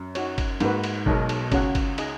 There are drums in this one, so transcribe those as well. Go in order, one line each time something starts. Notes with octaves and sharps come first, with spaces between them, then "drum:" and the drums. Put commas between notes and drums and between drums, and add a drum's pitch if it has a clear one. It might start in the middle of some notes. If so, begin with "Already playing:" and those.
Already playing: F#2
D#4 F#4 C#5, drum: cymbal
drum: kick G1, cymbal
G#2 A#3 D#4 F#4 B4, drum: cymbal
drum: cymbal
B1 B2 G#3 D#4 A#4, drum: kick G1
drum: cymbal
C#2 C#3 C#4 F#4 C#5 F#5, drum: kick G1, cymbal
drum: kick G1, cymbal
D#4 G#4 D#5, drum: cymbal